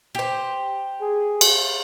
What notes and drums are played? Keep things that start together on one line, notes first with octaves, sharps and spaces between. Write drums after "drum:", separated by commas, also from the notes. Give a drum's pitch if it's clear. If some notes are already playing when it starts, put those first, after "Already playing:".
G4 C5
G#4
drum: cymbal